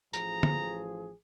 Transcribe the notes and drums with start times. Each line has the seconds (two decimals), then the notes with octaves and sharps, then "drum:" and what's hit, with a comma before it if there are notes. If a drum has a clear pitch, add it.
0.13 A1 F3 G#4 A#5, drum: tambourine
0.43 drum: tom